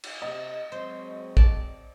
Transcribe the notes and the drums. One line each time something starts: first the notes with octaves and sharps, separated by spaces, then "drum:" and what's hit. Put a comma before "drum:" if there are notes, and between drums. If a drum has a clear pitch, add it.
drum: cymbal
C3 D#5
F#3 G#3 C4 C5
D5 A5, drum: kick